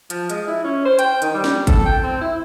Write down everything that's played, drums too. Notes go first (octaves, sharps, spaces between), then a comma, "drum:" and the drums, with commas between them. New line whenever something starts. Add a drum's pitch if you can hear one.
F3, drum: hi-hat
G#3, drum: hi-hat
E4
C#4
C5
G5, drum: hi-hat
D#3, drum: hi-hat
G3
drum: snare
A4, drum: kick G#1, hi-hat
G5
C4
E4